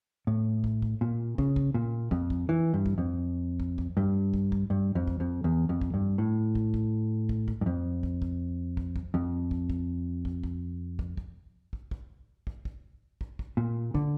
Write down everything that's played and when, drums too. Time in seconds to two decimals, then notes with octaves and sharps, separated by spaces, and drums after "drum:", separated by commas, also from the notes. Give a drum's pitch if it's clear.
0.27 A2
0.64 drum: kick
0.82 drum: kick
1.01 A#2
1.38 C#3, drum: kick
1.56 drum: kick
1.74 A#2
2.11 F2, drum: kick
2.30 drum: kick
2.49 E3
2.74 G2
2.86 drum: kick
2.98 F2
3.60 drum: kick
3.78 drum: kick
3.97 G2
4.34 drum: kick
4.52 drum: kick
4.70 G2
4.95 F2
5.07 drum: kick
5.20 F2
5.44 E2
5.69 F2
5.81 drum: kick
5.94 G2
6.18 A2
6.55 drum: kick
6.74 drum: kick
7.29 drum: kick
7.48 drum: kick
7.61 G2
7.66 F2
8.03 drum: kick
8.22 drum: kick
8.77 drum: kick
8.96 drum: kick
9.14 F2
9.51 drum: kick
9.70 drum: kick
10.25 drum: kick
10.44 drum: kick
10.99 drum: kick
11.17 drum: kick
11.73 drum: kick
11.91 drum: kick
12.47 drum: kick
12.65 drum: kick
13.21 drum: kick
13.39 drum: kick
13.57 A#2
13.95 D3, drum: kick